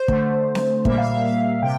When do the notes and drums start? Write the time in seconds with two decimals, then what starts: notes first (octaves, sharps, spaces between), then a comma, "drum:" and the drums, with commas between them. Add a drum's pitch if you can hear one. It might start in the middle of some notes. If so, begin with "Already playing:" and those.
Already playing: C5
0.08 D3 A3, drum: kick
0.55 drum: snare C4
0.85 A#2 G3 A#3 E5, drum: kick
0.98 F5
1.11 E5
1.24 F5
1.62 C3 G5